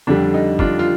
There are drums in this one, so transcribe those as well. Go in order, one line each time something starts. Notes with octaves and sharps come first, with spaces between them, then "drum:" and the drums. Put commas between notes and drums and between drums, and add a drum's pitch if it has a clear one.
F2 D3 G3 D4
D#4
D4 F4, drum: kick
F4